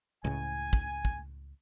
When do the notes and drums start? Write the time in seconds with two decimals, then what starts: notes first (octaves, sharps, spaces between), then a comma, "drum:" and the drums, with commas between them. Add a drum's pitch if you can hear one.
0.24 C#2 A2 C#3 G#5
0.73 drum: kick
1.05 drum: kick